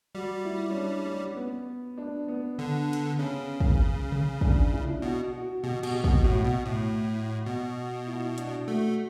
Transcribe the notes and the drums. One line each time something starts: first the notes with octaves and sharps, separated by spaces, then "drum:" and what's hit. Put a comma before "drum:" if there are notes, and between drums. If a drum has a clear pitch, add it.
G3 F#4
E4
C#4
D4
C#4
B3
D4
B3
D3
drum: cymbal
C#3 C#4
drum: kick
drum: tom C3
D4, drum: kick
E4
D4
E4
B2 F#4
F#4
B2 G4
B2, drum: cymbal
G4
B2, drum: kick
A2 F#4
B2
A2
B2
E4
D4, drum: hi-hat
A3 F#4